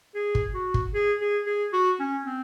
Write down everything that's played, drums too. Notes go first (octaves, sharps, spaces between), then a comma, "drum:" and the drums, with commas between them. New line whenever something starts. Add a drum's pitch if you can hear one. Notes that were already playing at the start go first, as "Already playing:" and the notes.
G#4
drum: kick G1
F#4
drum: kick G1
G#4
G#4
G#4
F#4
C#4
C4